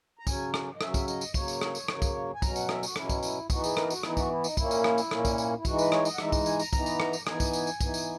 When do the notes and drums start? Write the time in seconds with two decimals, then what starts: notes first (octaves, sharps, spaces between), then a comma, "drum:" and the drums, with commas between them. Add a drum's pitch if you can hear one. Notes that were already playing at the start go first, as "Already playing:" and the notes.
0.19 A#5
0.27 C#3 F#3 C#4 G#5, drum: kick, tambourine
0.54 drum: rim click
0.76 D#5
0.81 C#3 F#3 C#4 E5, drum: rim click
0.94 drum: kick, tambourine
1.08 D#5, drum: tambourine
1.21 drum: tambourine
1.34 C#3 F#3 A#3 C#5, drum: kick, tambourine
1.48 drum: tambourine
1.61 drum: rim click
1.75 drum: tambourine
1.88 C#3 F#3 A#3, drum: rim click
2.02 drum: kick, tambourine
2.35 G#5
2.42 B2 F#3 C#4 A#5, drum: kick, tambourine
2.56 F#5, drum: tambourine
2.69 E5, drum: rim click
2.83 F#4, drum: tambourine
2.96 B2 F#3 C#4 E4, drum: rim click
3.09 drum: kick, tambourine
3.23 E4, drum: tambourine
3.50 E3 B3 D#4 F#4, drum: kick, tambourine
3.64 G#4, drum: tambourine
3.77 A#4, drum: rim click
3.90 F#4, drum: tambourine
4.03 E3 B3 D#4 E4, drum: rim click
4.17 F#4, drum: kick, tambourine
4.26 D#4
4.31 E4
4.44 D#4, drum: tambourine
4.57 A#2 A#3 C#4 E4, drum: kick, tambourine
4.71 drum: tambourine
4.84 drum: rim click
4.98 drum: tambourine
5.11 A#2 A#3 C#4, drum: rim click
5.25 drum: kick, tambourine
5.38 drum: tambourine
5.57 E4
5.65 E3 G#3 D#4 F#4, drum: kick, tambourine
5.78 B4, drum: tambourine
5.92 C#5, drum: rim click
6.05 D#5, drum: tambourine
6.14 F#5
6.18 E3 G#3 D#4 E5, drum: rim click
6.32 drum: kick, tambourine
6.46 G#5, drum: tambourine
6.59 A#5, drum: tambourine
6.73 E3 B3 D#4 A#5, drum: kick, tambourine
6.86 drum: tambourine
7.00 drum: rim click
7.13 drum: tambourine
7.27 E3 B3 D#4 G#5, drum: rim click
7.40 drum: kick, tambourine
7.53 drum: tambourine
7.67 drum: tambourine
7.81 E3 B3 D#4, drum: kick, tambourine
7.94 drum: tambourine